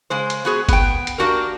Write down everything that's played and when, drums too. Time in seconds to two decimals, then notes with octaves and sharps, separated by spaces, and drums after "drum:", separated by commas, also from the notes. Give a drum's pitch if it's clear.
0.10 C#3 G#3 C5
0.30 drum: hi-hat
0.45 B3 F#4 G#4
0.69 B3 G5, drum: kick F#1, hi-hat
1.07 drum: hi-hat
1.18 A#3 D4 F#4 G4 A#4